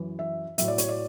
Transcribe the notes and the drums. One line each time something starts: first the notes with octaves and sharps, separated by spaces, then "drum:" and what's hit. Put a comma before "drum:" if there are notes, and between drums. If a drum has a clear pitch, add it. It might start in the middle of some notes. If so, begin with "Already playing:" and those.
Already playing: F#2 E3
E5
A2 F#3 E5, drum: hi-hat
D5
C#5, drum: hi-hat
D5